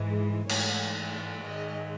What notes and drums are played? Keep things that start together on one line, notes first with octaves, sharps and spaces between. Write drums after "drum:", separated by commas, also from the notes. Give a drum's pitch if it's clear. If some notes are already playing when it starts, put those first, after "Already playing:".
Already playing: G#2 E3 G#3
G#2 E3 A3 C#5, drum: cymbal
G#2 D#3 G#3 D#5